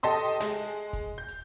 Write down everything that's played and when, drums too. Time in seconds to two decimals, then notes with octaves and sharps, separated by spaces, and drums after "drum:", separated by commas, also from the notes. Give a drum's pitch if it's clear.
0.03 G4 A4 D#5 A5 C6 D#6
0.40 G#3, drum: snare
0.58 drum: open hi-hat
0.93 drum: kick E1, hi-hat
1.18 G6
1.28 drum: hi-hat